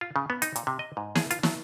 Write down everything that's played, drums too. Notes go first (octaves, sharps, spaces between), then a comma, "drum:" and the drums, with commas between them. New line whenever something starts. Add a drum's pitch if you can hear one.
F4
C#3
B3
D#4, drum: hi-hat
A#2, drum: hi-hat
C3
D#5
G#2
G#4, drum: snare
F4, drum: hi-hat
F#3, drum: snare